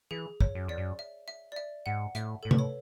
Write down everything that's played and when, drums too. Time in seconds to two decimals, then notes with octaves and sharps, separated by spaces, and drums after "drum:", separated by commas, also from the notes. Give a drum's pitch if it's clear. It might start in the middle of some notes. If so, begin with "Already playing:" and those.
0.11 E3 G#4
0.41 C#5, drum: kick
0.55 F#2
0.68 E2 D5
0.77 F#2
0.99 E5
1.28 E5
1.52 D5
1.56 E5
1.86 G#2 F#5
2.15 A2 E5, drum: hi-hat
2.43 A2 A4
2.51 B4, drum: tom C3
2.59 C#5